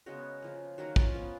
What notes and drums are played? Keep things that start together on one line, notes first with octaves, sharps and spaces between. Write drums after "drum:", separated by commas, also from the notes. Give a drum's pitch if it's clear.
C#3 G#3 B3 F#4 A#4
C#3 F3 A#3
D#3 F#3 A#3 F#4 A#4
C#4 F4, drum: kick
F3 B3